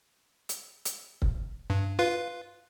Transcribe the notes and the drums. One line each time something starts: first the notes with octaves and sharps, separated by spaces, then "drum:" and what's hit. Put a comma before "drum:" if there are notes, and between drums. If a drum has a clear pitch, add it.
drum: hi-hat
drum: hi-hat
drum: kick C#1
G2
F4 B4 F5